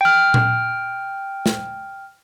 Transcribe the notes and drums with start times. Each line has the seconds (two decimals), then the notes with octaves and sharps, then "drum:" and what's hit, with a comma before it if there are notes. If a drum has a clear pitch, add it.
0.01 G5 F6
0.34 drum: tom A#2
1.46 drum: snare